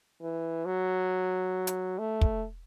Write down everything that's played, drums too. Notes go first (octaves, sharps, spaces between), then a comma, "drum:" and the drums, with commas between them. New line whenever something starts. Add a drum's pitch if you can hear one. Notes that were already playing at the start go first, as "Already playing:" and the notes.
E3
F#3
drum: hi-hat
A3
drum: kick